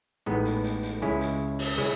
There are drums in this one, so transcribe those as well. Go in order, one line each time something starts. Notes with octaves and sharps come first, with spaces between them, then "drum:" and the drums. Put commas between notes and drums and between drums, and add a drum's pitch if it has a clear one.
A1 A2 G#3 B3 D#4
drum: hi-hat
drum: hi-hat
drum: hi-hat
C#2 C#3 G#3 C#4 E4
drum: hi-hat
drum: open hi-hat
C#3 G#3 C#4 E4, drum: hi-hat